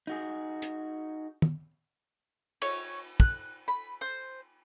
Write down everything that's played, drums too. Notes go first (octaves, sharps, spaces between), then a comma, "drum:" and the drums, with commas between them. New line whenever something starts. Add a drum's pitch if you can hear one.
D#4 F#4 G#4
drum: hi-hat
drum: tom
C#5, drum: cymbal
F#6, drum: kick
B5
C5